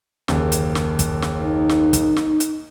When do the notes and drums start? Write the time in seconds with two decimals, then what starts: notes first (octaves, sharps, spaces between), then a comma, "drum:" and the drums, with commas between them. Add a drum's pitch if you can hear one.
0.28 F#1 D#2, drum: snare
0.52 drum: hi-hat
0.75 drum: snare
0.99 drum: kick, hi-hat
1.22 drum: snare
1.42 D#4
1.69 drum: snare
1.93 drum: kick, hi-hat
2.17 drum: snare
2.40 drum: hi-hat